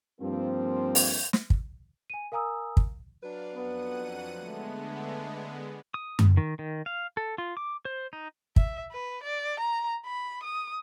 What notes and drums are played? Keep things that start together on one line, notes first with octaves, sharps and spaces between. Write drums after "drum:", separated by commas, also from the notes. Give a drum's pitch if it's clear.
G2 F3 A#3 C4
drum: open hi-hat
drum: snare
drum: kick
G#5 D#7
A#4 F5 G#5 A#5 D#6 E6
drum: kick
F#3 D4 B4 D5 F5
F2 B3 F#5 D#7
D3 G#3 A3 B3
D#6
drum: tom F#2
D#3
D#3
F5
A4
F4
D6
C5
D#4
E5, drum: kick
B4
D5
A#5
B5
D#6